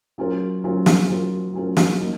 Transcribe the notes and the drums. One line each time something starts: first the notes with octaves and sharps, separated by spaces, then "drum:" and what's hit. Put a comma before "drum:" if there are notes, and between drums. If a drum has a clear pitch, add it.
F#3 C#4 F4 A#4
F#3 C#4 F4 A#4
drum: snare
F#3 C#4 F4 A#4
F#3 C#4 F4 A#4
drum: snare
A#3 D#4